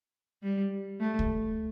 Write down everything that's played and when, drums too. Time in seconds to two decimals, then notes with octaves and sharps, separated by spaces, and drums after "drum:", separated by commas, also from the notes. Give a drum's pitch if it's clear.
0.43 G3
1.00 A3
1.19 drum: kick C#2